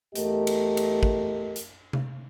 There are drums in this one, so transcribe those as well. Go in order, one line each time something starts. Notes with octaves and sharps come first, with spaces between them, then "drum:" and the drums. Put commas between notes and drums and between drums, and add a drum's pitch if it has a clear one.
E2 A3 G4 A#4 D#5, drum: hi-hat
drum: cymbal
drum: cymbal
drum: kick
drum: hi-hat
drum: tom C3